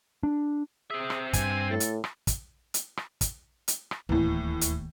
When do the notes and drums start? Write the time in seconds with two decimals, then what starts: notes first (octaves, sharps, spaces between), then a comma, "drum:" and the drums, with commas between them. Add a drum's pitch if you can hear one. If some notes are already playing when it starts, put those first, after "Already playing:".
0.23 D4
0.91 C4 G#4 E5
1.10 drum: rim click
1.33 G2 G#5, drum: kick, hi-hat
1.70 A2 A4
1.80 drum: hi-hat
2.04 drum: rim click
2.27 drum: kick, hi-hat
2.74 drum: hi-hat
2.97 drum: rim click
3.21 drum: kick, hi-hat
3.68 drum: hi-hat
3.91 drum: rim click
4.09 D1 D#2 A2 E3
4.61 drum: hi-hat